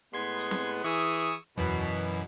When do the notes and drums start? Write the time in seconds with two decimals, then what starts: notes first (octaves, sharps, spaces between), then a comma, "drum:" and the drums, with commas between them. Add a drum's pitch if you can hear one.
0.14 A2 G#3 B3 C6 G#6
0.38 drum: hi-hat
0.51 drum: snare C4
0.84 E3 G#4 C#6 D#6 E6
1.58 F#2 B2 E3, drum: tom E2